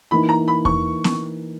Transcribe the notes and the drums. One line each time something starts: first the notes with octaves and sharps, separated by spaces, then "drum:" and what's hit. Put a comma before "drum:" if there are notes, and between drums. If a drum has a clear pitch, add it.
E3 A#3 D#4 B5
A#5
B5
C#6, drum: kick E2
drum: snare B3